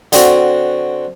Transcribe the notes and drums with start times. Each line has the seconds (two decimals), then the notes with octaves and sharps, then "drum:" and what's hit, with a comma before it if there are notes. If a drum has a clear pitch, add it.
0.12 D3 C4 F#4, drum: hi-hat